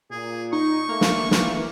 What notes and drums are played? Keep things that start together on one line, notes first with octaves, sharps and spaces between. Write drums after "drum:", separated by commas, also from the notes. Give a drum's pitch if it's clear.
A#2 G#4
D#4 C#6
A3 A#3 A#4
drum: snare
E3 A#4, drum: snare